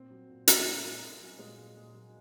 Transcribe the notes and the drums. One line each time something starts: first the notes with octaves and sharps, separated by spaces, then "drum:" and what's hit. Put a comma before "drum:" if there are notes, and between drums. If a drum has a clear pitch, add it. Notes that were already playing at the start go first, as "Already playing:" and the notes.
Already playing: A#2 C4
F#3
A#2
F#3, drum: hi-hat
G#3
A#2 A#3
A#2
A#2
F#3
A#2 G#3
A#2
A#2
F#3